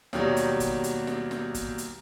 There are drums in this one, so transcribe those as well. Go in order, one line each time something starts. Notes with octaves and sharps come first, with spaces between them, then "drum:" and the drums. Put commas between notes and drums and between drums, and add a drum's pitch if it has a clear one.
D#2 B2 D#3 F#3 G3, drum: snare
drum: hi-hat
drum: kick, hi-hat
drum: hi-hat
drum: snare
drum: snare
drum: kick, hi-hat
drum: hi-hat